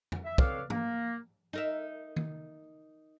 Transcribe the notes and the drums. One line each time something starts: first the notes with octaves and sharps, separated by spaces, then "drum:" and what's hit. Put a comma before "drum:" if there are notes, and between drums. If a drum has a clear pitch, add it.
drum: tom F2
E5
C4 A4 B4 C#5 D5 F5, drum: kick
A#3, drum: tom
D#4 A#4 E5
drum: tom D#3